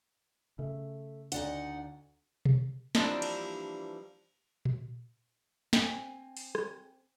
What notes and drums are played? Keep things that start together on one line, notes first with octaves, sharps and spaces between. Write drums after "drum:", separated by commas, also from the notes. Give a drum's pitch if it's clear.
C#3 A3 E5
D2 D#4 D5 F#5, drum: hi-hat
drum: tom B2
E3 F3 G3 A#3 C4 D4, drum: snare
drum: cymbal
drum: tom A#2
C4 G#5, drum: snare
drum: open hi-hat
drum: rim click